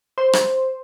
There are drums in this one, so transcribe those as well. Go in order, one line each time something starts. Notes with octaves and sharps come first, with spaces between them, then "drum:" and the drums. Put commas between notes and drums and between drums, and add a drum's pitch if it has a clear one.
C5
drum: rim click